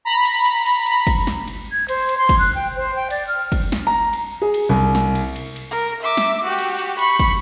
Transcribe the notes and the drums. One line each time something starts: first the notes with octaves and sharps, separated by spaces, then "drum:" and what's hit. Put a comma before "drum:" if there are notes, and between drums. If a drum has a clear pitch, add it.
A#5 B5
drum: cymbal
drum: cymbal
drum: cymbal
drum: cymbal
drum: kick, cymbal
drum: snare
drum: cymbal
G#6
C5, drum: cymbal
drum: cymbal
C6
drum: kick, cymbal
F#6
G5
C5
G5
D5, drum: cymbal
F6
drum: kick, cymbal
drum: snare
A#5
drum: cymbal
G#4
drum: cymbal
C2
drum: snare
drum: cymbal
drum: cymbal
drum: cymbal
A#4
E5 D6
drum: snare
F#4 G4
drum: cymbal
drum: cymbal
B5 C#6, drum: cymbal
drum: kick, cymbal